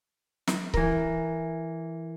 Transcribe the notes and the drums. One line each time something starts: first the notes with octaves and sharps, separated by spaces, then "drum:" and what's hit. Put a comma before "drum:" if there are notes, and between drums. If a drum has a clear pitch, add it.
drum: snare
E3 A#4, drum: kick C#1